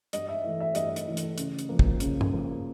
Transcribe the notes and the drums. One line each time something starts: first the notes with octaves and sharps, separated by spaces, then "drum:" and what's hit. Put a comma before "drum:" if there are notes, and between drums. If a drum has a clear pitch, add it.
G2 D#5, drum: hi-hat
E5
E3 A3
E5
G2 D#5, drum: hi-hat
drum: hi-hat
E3 A3
drum: hi-hat
C#3, drum: hi-hat
drum: hi-hat
F3 A#3
drum: kick
C#3, drum: hi-hat
drum: tom G2
F3 A#3